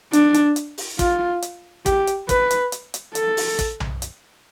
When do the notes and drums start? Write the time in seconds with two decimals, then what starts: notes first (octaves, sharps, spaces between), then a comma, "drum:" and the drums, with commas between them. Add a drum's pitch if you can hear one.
0.13 D4, drum: hi-hat
0.34 drum: hi-hat
0.56 drum: hi-hat
0.78 drum: open hi-hat
0.99 F4, drum: kick, hi-hat
1.42 drum: hi-hat
1.86 G4, drum: kick, hi-hat
2.07 drum: hi-hat
2.29 B4, drum: kick, hi-hat
2.51 drum: hi-hat
2.72 drum: hi-hat
2.94 drum: hi-hat
3.15 A4, drum: hi-hat
3.37 drum: open hi-hat
3.59 drum: kick, hi-hat
3.80 drum: tom B1
4.02 drum: hi-hat